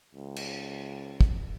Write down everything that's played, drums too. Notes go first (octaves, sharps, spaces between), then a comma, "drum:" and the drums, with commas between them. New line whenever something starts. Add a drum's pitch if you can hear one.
C#2
drum: cymbal
drum: kick